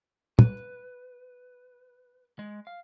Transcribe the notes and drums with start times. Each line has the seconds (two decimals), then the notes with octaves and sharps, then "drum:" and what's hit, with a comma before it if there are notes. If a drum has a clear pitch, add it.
0.39 B4, drum: tom
2.39 G#3
2.67 F5